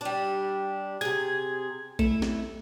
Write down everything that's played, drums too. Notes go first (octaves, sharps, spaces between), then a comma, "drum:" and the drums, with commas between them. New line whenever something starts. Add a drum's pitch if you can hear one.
G3 D4
C3 G#4 G#6
A3 E4, drum: kick A#1
drum: snare